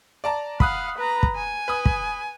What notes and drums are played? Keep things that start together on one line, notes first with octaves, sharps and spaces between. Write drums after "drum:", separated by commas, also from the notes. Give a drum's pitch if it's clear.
D5 A5 A#5
F5 F#5 B5 D#6 F#6, drum: kick
B4 A#5
drum: kick
G#5
B4 B5 D#6
drum: kick